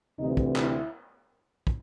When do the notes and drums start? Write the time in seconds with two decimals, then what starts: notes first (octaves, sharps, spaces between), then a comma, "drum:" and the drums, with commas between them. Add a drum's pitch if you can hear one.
0.19 D2 C3 E3 D#4
0.37 drum: kick
0.56 E4, drum: clap
1.67 drum: kick